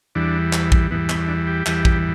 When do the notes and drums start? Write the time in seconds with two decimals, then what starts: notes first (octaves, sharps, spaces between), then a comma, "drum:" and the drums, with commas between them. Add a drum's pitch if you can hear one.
0.15 E2 E3 G3 D4
0.53 drum: clap
0.72 drum: kick A#1
0.91 E2 E3 G3 B3
1.10 B3, drum: clap
1.28 D4
1.47 G4
1.66 E2 E3 G3, drum: clap
1.85 drum: kick A#1